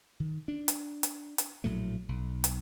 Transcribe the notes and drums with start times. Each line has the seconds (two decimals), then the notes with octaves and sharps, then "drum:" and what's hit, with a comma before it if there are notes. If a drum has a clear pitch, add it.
0.20 D#3
0.48 D4
0.68 drum: hi-hat
1.03 drum: hi-hat
1.38 drum: hi-hat
1.64 A#1 A2 F#3 A3
2.09 B1
2.44 drum: hi-hat